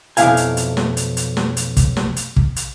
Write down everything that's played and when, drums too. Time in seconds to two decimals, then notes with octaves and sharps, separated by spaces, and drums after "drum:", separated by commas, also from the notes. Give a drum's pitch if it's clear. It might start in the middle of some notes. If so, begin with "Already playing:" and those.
0.17 B1 F2 F3 E4 F5 G#5, drum: hi-hat
0.37 drum: hi-hat
0.57 drum: hi-hat
0.77 drum: snare
0.97 drum: hi-hat
1.17 drum: hi-hat
1.37 drum: snare
1.57 drum: hi-hat
1.77 drum: kick, hi-hat
1.97 drum: snare
2.16 drum: hi-hat
2.36 drum: kick
2.56 drum: hi-hat